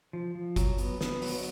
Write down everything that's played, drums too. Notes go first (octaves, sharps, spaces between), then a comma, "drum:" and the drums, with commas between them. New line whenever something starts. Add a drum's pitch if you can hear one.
F3
F3
F#3, drum: kick G1, hi-hat
B3, drum: hi-hat
B3, drum: snare
F#3, drum: open hi-hat